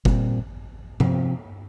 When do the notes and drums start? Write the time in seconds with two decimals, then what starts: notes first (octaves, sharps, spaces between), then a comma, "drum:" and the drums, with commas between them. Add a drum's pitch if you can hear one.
0.05 A#2 G3 C4, drum: kick F#1
1.00 C3 F3 C4, drum: tom G2